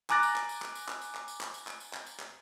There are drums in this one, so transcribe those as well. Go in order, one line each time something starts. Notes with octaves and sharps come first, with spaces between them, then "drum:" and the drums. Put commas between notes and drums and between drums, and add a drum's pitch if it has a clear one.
G#5 A#5 D6 F#6 A6 A#6, drum: clap
drum: tambourine
drum: clap
drum: tambourine
drum: clap
drum: tambourine
drum: clap
drum: tambourine
drum: clap
drum: tambourine
drum: clap
drum: tambourine
drum: clap
drum: tambourine
drum: clap
drum: tambourine
drum: clap